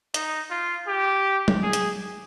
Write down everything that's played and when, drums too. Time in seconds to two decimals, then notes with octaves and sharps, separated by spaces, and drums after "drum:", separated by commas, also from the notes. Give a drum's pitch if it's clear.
0.14 D#4, drum: hi-hat
0.50 F4
0.87 G4
1.48 drum: tom F#3
1.63 G#4
1.73 drum: hi-hat